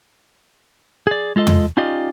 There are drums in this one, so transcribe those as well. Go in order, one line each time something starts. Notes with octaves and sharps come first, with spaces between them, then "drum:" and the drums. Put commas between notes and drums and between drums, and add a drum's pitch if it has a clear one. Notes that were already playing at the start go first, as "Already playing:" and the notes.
G#4 D5
G#3 F4 A4 D#5
drum: tom
C#4 D#4 F4 G4 D5 D#5